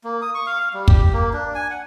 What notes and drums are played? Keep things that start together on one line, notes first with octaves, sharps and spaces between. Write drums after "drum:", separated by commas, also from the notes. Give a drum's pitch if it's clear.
A#3
D#6
C#6
F5
F5
G3
G4, drum: kick
A#3
D4
G#5
F#5